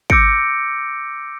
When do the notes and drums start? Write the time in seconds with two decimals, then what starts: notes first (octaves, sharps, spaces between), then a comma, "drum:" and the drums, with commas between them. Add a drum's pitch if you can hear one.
0.10 D6 E6 G6 A#6 C#7 D7, drum: kick